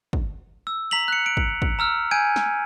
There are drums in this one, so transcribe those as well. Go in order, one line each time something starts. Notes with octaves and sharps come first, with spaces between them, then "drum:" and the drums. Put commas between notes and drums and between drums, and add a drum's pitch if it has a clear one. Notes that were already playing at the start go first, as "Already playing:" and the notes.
drum: kick
E6
A#5 B6 F7 F#7
F#6 C#7
D7
drum: kick
drum: kick
A#5 E6 F6
G#5 G6 G#6 D7 D#7
drum: snare